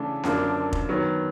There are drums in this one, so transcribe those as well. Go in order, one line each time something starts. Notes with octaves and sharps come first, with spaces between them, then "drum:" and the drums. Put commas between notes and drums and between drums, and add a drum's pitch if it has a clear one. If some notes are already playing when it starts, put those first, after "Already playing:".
Already playing: C#3 E3 A3 D4
F#2 D3 F3 A#3 D4, drum: snare B3
drum: kick F1
D#3 F#3 B3